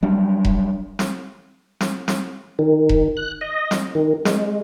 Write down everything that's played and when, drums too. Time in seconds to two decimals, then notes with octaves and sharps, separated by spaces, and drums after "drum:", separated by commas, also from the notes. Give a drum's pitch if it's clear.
0.03 F#3 G3 D4
0.45 drum: kick E1
0.99 drum: snare
1.81 drum: snare
2.08 drum: snare
2.59 D#3
2.89 drum: kick E1
3.17 F#6
3.41 D#5
3.71 drum: snare
3.95 D#3
4.25 G#3, drum: snare